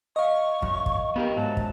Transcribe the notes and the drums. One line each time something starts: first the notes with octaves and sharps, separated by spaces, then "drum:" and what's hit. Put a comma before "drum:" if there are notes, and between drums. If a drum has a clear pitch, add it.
D#5 F5 C#6
F#2, drum: kick
drum: kick
B3 G4 A#4
G#2 F#3 A5
drum: kick